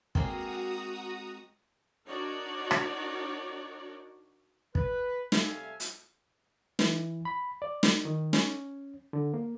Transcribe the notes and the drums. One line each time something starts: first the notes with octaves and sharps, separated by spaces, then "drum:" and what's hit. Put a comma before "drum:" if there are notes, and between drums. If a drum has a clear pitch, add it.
G#3 A#3 C4 F#4 A#5 D#6, drum: kick
D4 D#4 F#4 A#4 C#5 D5
drum: rim click
B4, drum: kick
C3 G3 A3 E5 F5 G#5, drum: snare
drum: hi-hat
E3, drum: snare
B5
D5
drum: snare
D#3
C#4, drum: snare
D3
A#3